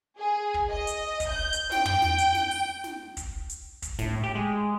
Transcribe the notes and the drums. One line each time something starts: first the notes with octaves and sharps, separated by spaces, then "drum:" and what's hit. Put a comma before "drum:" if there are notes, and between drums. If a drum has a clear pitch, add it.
G#4
drum: kick
D#5
drum: hi-hat
drum: kick, hi-hat
G6
drum: hi-hat
G5, drum: snare
drum: tom
drum: snare
drum: hi-hat
drum: snare
drum: open hi-hat
drum: snare
drum: kick, hi-hat
drum: hi-hat
drum: kick, hi-hat
A2, drum: snare
G4
G#3